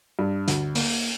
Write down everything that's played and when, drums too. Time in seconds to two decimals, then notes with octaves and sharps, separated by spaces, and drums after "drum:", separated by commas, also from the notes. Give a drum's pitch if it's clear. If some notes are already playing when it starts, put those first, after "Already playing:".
0.19 G2
0.48 D2, drum: hi-hat
0.75 A#3, drum: open hi-hat